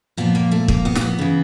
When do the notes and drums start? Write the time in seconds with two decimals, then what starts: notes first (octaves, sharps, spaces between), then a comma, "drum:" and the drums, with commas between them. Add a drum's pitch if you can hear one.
0.17 A#2 F3 B3
0.35 A#3
0.51 A3
0.68 A#3, drum: kick
0.85 B3
0.95 A#3, drum: snare
1.01 B3
1.19 C#3 E3